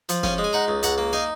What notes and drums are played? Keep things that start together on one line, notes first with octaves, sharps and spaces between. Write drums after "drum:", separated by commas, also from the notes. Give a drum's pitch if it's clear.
F3, drum: hi-hat
C#4 F5 G#5, drum: snare
G#3
G#5
D#4 F#5 A#5
C#2
C#2 F#5 A#5, drum: hi-hat
A#3
D#4 F5 G#5